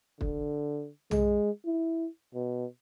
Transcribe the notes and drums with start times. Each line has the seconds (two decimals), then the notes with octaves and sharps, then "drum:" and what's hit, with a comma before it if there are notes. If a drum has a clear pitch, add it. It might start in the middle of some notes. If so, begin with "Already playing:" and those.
0.21 D3, drum: kick
1.11 G#3, drum: tom
1.66 E4
2.35 B2